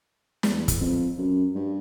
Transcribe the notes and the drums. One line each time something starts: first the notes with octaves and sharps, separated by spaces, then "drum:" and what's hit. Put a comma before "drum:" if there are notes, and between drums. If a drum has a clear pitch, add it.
E2, drum: snare
drum: kick, hi-hat
F2
F#2
G2